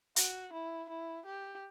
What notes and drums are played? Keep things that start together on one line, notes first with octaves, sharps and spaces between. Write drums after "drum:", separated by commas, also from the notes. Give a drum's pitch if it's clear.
F#4, drum: hi-hat
E4
E4
G4